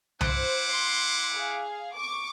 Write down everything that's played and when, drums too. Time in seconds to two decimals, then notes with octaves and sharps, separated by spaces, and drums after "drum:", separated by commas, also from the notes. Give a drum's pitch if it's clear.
0.21 E4 C5 F#5 D6, drum: tom C2
0.70 C6
1.33 G#4 F5
1.95 C#6 D6